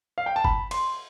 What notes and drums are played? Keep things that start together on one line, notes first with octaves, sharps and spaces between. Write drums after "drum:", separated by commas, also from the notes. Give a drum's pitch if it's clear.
F5
G5
A5
B5, drum: kick
C6, drum: cymbal